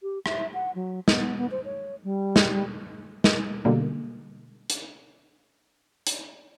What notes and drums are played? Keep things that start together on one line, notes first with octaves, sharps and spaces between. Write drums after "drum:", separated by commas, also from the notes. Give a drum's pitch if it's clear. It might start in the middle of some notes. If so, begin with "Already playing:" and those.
G4
E5, drum: rim click
F#5
F#3
B3, drum: snare
B3
C5
C#5
G3
drum: snare
drum: snare
B2 D3 G3 A#3
drum: hi-hat
drum: hi-hat